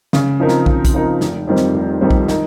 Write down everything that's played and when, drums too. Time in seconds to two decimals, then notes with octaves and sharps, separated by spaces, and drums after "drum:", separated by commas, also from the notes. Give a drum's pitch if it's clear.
0.13 C#3, drum: snare
0.40 F3 C4 D#4 A#4
0.49 drum: snare
0.66 C#3, drum: kick
0.85 drum: kick, hi-hat
0.94 F3 C4 D#4 A#4
1.21 F1, drum: snare
1.47 F2 D#3 G3 C4
1.57 drum: snare
1.74 F1
2.01 F2 D#3 G3 C4
2.10 drum: kick
2.28 D#3, drum: snare